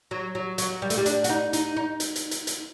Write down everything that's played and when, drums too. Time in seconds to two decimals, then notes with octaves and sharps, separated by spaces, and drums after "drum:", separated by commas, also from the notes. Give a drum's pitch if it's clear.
0.11 F#3
0.35 F#3
0.58 F#3, drum: hi-hat
0.82 G3
0.90 A3, drum: hi-hat
0.98 G3
1.06 D4, drum: hi-hat
1.24 F#4, drum: hi-hat
1.29 D#4
1.53 D#4, drum: hi-hat
1.76 D#4
2.00 drum: hi-hat
2.16 drum: hi-hat
2.31 drum: hi-hat
2.47 drum: hi-hat